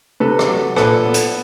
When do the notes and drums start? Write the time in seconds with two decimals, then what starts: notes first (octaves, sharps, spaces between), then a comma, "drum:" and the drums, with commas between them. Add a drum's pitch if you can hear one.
0.20 C3 A4 B4
0.39 drum: rim click
0.49 F#3
0.76 A#2 A4 B4, drum: rim click
1.05 B3
1.14 drum: hi-hat